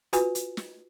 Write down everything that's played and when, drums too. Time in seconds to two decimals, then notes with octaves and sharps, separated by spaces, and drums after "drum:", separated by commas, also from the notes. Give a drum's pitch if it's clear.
0.13 F4 F#4 B4 G#5, drum: hi-hat
0.35 drum: hi-hat
0.57 drum: snare